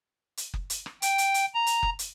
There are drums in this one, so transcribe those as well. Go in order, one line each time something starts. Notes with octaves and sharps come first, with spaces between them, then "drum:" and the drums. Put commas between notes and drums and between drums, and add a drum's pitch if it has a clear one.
drum: hi-hat
drum: kick F#1
drum: hi-hat
drum: rim click
G5, drum: hi-hat
drum: hi-hat
drum: hi-hat
A#5
drum: hi-hat
drum: kick F#1
drum: hi-hat